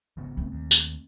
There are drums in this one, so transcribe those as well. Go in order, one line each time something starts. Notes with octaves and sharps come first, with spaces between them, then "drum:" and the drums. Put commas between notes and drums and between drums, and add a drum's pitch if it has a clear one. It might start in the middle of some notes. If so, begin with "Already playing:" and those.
G#1 C#3 B3
A3 C4
D#2
drum: tambourine